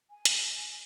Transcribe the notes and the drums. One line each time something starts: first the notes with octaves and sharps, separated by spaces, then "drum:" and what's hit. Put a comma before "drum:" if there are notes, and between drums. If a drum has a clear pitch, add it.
G#5
drum: hi-hat